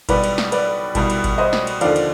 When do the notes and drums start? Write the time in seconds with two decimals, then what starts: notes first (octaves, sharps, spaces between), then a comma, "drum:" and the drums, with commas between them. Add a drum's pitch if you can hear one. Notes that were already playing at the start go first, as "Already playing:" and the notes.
0.09 B1 B2 G3 B4 D5, drum: kick G#1, cymbal
0.24 drum: cymbal
0.38 drum: snare
0.52 B4 D5, drum: cymbal
0.95 C2 B2 G3, drum: kick G#1, cymbal
1.10 drum: cymbal
1.24 drum: kick G#1, cymbal
1.38 C5 D#5
1.53 drum: snare
1.67 drum: cymbal
1.81 D#2 D3 F3 D5 F5, drum: cymbal
1.96 drum: cymbal